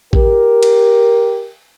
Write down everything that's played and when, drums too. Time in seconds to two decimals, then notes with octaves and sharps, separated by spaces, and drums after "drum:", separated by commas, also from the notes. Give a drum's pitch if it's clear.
0.13 G4 A#4, drum: kick A1
0.63 drum: cymbal